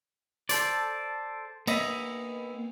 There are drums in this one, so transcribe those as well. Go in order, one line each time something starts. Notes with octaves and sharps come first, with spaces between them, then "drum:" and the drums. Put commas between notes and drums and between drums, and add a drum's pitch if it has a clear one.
A4 C5 D5, drum: hi-hat
A#3 B3 D#5 E5, drum: cymbal